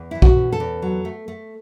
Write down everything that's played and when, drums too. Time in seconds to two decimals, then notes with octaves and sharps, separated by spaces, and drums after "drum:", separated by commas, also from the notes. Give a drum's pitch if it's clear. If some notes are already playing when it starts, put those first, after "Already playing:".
Already playing: E2
0.11 E3 E4
0.22 F#4, drum: kick
0.37 C#4
0.53 A4
0.60 E2
0.82 F#3
1.05 A3
1.28 A3